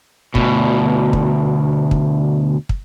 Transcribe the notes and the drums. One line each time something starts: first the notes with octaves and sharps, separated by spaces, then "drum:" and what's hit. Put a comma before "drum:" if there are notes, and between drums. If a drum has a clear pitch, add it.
D2 B2, drum: kick
drum: kick
drum: kick
drum: kick